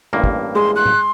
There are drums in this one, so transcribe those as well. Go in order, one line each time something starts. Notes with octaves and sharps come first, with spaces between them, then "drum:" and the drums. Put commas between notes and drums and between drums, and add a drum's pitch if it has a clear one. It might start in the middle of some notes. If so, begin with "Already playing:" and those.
A1 G2 A#3
drum: kick
G#3 C6
C6 F#6
drum: tom A2